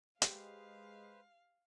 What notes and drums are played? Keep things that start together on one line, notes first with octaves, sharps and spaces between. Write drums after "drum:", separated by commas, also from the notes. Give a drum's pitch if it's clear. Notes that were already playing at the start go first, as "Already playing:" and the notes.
G#3 G4 B4 C5 F5, drum: hi-hat